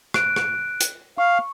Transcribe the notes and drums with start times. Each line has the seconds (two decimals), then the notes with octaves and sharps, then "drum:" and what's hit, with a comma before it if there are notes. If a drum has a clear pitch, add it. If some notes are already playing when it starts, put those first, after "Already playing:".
0.14 F#6 D7, drum: rim click
0.36 drum: rim click
0.81 drum: hi-hat
1.18 F5 C#6